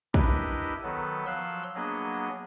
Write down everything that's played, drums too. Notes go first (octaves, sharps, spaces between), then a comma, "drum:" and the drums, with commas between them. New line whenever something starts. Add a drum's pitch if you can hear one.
D4 E4 G4 A#4 B4 D#5, drum: kick
D#3 F#3 B3 A4 B4
F3 F#3 F5 C6 E6 F#6
F#3 A#3 B3 D4 G#4 D#5